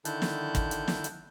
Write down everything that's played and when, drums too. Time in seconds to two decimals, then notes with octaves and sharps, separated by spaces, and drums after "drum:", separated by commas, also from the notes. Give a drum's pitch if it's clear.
0.05 D3 D#3 E4 A5 F#6 G6, drum: hi-hat
0.22 drum: snare
0.55 drum: kick, hi-hat
0.71 drum: hi-hat
0.88 drum: snare
1.04 drum: hi-hat